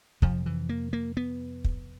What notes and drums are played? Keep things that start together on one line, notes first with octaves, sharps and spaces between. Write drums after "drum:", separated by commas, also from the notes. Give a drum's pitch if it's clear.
F2 C3 F3, drum: kick
E3
A#3
A#3
B3
drum: kick